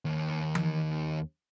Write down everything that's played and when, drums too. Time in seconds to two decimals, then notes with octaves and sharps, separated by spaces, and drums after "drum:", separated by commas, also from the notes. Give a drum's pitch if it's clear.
0.05 D#2
0.55 drum: tom E3